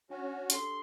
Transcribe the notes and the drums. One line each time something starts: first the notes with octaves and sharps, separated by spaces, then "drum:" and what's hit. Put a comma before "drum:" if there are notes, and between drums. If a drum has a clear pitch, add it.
C#4 D4 F#4 G#5
D4 G4 A4 C6, drum: hi-hat